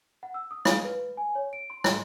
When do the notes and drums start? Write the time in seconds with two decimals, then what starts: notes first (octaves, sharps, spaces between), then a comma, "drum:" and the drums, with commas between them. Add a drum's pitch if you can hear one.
0.23 F#5
0.34 E6
0.51 D#6
0.65 F5, drum: rim click
0.85 B4
1.17 G#5
1.35 C#5
1.53 D7
1.70 C6
1.84 C6, drum: rim click